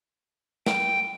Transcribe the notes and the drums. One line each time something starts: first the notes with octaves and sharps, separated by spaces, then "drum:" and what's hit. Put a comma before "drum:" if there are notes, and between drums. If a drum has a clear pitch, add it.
G5, drum: snare